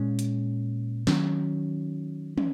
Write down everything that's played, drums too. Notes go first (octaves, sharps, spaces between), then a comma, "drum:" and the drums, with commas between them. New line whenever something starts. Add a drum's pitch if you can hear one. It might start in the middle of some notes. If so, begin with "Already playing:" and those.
Already playing: A#2 G#3 C#4
drum: hi-hat
D#3 F#3 C#4, drum: snare
C#4, drum: tom